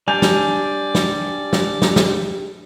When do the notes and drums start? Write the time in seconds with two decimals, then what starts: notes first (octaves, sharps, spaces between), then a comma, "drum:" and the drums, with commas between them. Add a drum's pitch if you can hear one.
0.08 G3 D4 D5 G#5 G6 F7
0.22 drum: snare
0.95 drum: snare
1.53 drum: snare
1.82 drum: snare
1.96 drum: snare